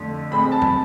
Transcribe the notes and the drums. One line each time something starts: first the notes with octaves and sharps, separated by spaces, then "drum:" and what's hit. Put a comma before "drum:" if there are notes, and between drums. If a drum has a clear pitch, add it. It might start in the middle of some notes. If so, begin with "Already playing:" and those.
Already playing: F2 D3 A3
A2 G#3 C4 B5
A5
drum: tom E2